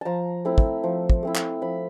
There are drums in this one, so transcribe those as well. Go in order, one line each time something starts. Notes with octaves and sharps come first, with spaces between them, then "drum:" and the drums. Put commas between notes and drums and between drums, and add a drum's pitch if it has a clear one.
F3 A5 A#5
A3 C4 E4
drum: kick
F3
drum: kick
A3 C4 E4
drum: clap
F3 B5